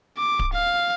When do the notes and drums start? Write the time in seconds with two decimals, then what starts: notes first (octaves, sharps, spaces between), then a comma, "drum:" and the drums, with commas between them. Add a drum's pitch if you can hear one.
0.18 D6
0.39 drum: kick D1
0.53 F5